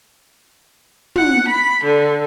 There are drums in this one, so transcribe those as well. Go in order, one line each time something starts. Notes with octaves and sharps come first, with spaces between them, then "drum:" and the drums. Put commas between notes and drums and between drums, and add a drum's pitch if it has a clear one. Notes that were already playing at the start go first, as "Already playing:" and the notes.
F#5, drum: tom
B5
D3